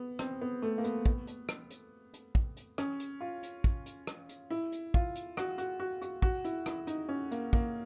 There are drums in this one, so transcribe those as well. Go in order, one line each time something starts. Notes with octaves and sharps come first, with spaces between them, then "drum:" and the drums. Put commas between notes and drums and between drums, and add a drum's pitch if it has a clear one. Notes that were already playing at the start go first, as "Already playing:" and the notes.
Already playing: B3
C4, drum: rim click
B3
A3
A#3
B3, drum: hi-hat
drum: kick
drum: hi-hat
drum: rim click
drum: hi-hat
drum: hi-hat
drum: kick
drum: hi-hat
C#4, drum: rim click
drum: hi-hat
F4
drum: hi-hat
drum: kick
drum: hi-hat
drum: rim click
drum: hi-hat
E4
drum: hi-hat
F4, drum: kick
drum: hi-hat
F#4, drum: rim click
F#4, drum: hi-hat
F#4
F#4, drum: hi-hat
F#4, drum: kick
E4, drum: hi-hat
E4, drum: rim click
D#4, drum: hi-hat
C#4
A#3, drum: hi-hat
A#3, drum: kick